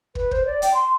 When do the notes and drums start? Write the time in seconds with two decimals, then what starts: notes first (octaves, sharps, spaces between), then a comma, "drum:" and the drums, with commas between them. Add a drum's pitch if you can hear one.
0.15 B4, drum: kick
0.31 C5, drum: kick
0.45 D5
0.62 G5, drum: hi-hat
0.73 C6